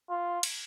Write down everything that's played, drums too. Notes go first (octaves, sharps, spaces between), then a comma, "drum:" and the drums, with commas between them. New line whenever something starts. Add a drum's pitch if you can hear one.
F4
drum: cymbal